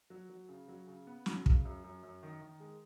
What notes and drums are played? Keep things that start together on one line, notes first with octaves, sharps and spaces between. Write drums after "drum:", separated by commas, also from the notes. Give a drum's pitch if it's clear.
F#3
F#3
C#3
F#3
C#3
B3
F#3, drum: snare
C#3, drum: kick
F#2
F#2
F#2
D#3
D#3
G#3